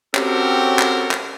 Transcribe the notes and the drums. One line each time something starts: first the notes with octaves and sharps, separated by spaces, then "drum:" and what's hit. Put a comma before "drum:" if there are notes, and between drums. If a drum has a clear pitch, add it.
C4 C#4 F#4 G4 A4 A#4, drum: clap
drum: clap
drum: clap